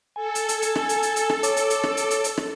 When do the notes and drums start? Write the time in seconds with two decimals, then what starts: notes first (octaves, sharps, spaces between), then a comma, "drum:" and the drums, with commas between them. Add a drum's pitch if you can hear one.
0.16 A4 G#5
0.35 drum: hi-hat
0.49 drum: hi-hat
0.62 drum: hi-hat
0.76 drum: rim click
0.89 drum: hi-hat
1.03 drum: hi-hat
1.16 drum: hi-hat
1.30 drum: rim click
1.43 C#5 D6, drum: hi-hat
1.57 drum: hi-hat
1.70 drum: hi-hat
1.84 drum: rim click
1.97 drum: hi-hat
2.11 drum: hi-hat
2.24 drum: hi-hat
2.38 drum: rim click